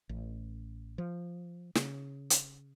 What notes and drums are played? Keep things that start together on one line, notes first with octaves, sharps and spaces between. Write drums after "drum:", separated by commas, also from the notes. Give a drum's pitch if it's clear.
A1
F3
C#3, drum: snare
drum: hi-hat